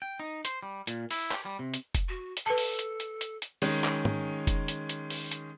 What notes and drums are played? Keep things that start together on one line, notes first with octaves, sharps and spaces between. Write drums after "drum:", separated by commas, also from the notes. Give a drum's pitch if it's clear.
G5
D#4
C5, drum: hi-hat
G3
A#2, drum: hi-hat
E4, drum: open hi-hat
G4, drum: clap
G3
C3
drum: hi-hat
drum: kick F1, hi-hat
F#4
drum: hi-hat
A4 B4 A5
drum: open hi-hat
drum: hi-hat
drum: hi-hat
drum: hi-hat
drum: hi-hat
D#3 G#3 C#4, drum: open hi-hat
drum: clap
drum: tom
drum: kick F1, hi-hat
drum: hi-hat
drum: hi-hat
drum: open hi-hat
drum: hi-hat